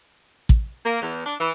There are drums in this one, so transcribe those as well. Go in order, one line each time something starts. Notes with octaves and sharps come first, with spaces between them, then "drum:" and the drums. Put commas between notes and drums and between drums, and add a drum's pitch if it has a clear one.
drum: kick
A#3
E2
D4
E3